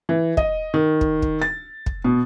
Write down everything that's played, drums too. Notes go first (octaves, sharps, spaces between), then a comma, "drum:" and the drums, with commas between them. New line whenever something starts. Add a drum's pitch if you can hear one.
E3
D#5, drum: kick
D#3
drum: kick
drum: kick
A6
drum: kick
B2